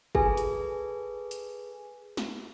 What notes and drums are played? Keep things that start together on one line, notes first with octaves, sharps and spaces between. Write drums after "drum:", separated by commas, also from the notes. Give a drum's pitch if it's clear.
G#4 A4 B4 G#5, drum: kick G1
drum: hi-hat
drum: hi-hat
drum: snare